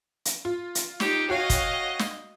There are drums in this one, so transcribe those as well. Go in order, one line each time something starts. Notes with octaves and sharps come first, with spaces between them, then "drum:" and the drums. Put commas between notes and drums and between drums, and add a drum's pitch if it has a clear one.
drum: hi-hat
F4
drum: hi-hat
D#4 G4, drum: snare
F#4 C#5 D#5 F5 G5
drum: kick, hi-hat
drum: snare